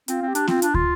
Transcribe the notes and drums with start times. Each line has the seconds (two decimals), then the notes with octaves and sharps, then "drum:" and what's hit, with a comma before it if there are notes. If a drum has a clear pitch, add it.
0.08 C4 F4, drum: hi-hat
0.22 C4
0.28 G4
0.35 D4, drum: hi-hat
0.47 C4 F4, drum: snare B3
0.62 D4, drum: hi-hat
0.74 F4, drum: kick